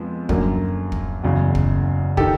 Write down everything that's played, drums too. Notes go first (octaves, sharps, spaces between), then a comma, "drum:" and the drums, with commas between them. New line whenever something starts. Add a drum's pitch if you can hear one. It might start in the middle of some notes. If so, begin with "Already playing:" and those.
Already playing: F2 F3 G#3 B3
F#2 D3 F#3 A#3, drum: kick
drum: kick
F#1 E2 C#3 F#3
drum: kick
D#3 G4 A4, drum: kick